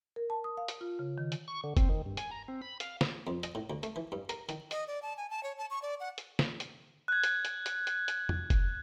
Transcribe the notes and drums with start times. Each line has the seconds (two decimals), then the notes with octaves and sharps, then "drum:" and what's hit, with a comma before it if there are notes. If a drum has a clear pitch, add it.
0.16 A#4
0.30 A5
0.44 D#6
0.57 F5
0.68 drum: hi-hat
0.81 F4
0.99 C#3
1.18 D#3
1.32 drum: hi-hat
1.48 C#6
1.64 D3
1.77 C4, drum: kick F#1, hi-hat
1.89 D#3
2.06 G2
2.17 G#5, drum: hi-hat
2.31 A#5
2.48 C4
2.62 B5
2.80 F5, drum: hi-hat
3.01 drum: snare
3.27 F2
3.43 D#5, drum: hi-hat
3.55 A2
3.70 D2
3.83 A3, drum: hi-hat
3.96 E3
4.12 G2
4.29 A#4, drum: hi-hat
4.49 D#3, drum: hi-hat
4.71 D#5, drum: hi-hat
4.87 D5
5.02 A5
5.17 G#5
5.30 A5
5.43 C#5
5.58 A5
5.70 C#6
5.82 D5
6.00 F#5
6.18 drum: hi-hat
6.39 drum: snare
6.60 drum: hi-hat
7.08 F#6 G#6
7.24 drum: hi-hat
7.45 drum: hi-hat
7.66 drum: hi-hat
7.87 drum: hi-hat
8.08 drum: hi-hat
8.29 drum: tom E2
8.50 drum: kick F#1, hi-hat